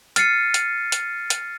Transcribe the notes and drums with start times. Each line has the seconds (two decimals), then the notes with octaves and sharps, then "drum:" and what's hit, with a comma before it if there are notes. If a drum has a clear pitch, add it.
0.16 F6 A6 C7 C#7 D#7, drum: hi-hat
0.54 drum: hi-hat
0.92 drum: hi-hat
1.30 drum: hi-hat